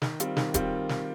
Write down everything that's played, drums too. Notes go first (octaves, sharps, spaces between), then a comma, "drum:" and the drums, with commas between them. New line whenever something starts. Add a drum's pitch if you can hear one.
D#3, drum: snare
G3 C4 F4, drum: hi-hat
D#3, drum: snare
G3 C4 F4, drum: kick D#1, hi-hat
drum: snare